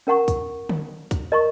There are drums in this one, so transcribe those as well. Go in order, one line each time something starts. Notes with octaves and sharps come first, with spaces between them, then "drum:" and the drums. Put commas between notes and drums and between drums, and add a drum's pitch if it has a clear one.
C#4 A#4 F#5 A#5 C#6
drum: kick, hi-hat
drum: tom D3
drum: kick, hi-hat
A#4 D#5 A#5 C#6